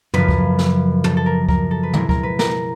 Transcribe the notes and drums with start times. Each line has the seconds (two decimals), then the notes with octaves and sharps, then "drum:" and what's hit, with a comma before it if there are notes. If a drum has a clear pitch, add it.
0.14 F#2 C#3 F3 B4, drum: tom
0.29 drum: kick D2
0.59 drum: snare
1.04 A4, drum: tom
1.17 A4
1.26 A#4
1.49 A#4, drum: kick D2
1.71 A4
1.83 B4
1.93 B2 G#3 C4 E4 A#4, drum: tom
2.09 A#4, drum: kick D2
2.23 B4
2.39 A#4, drum: snare